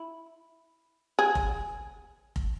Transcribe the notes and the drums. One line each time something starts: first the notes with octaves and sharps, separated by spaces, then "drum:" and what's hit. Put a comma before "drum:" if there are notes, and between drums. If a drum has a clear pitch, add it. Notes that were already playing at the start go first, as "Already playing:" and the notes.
Already playing: E4
G#4
drum: kick F1
drum: kick F1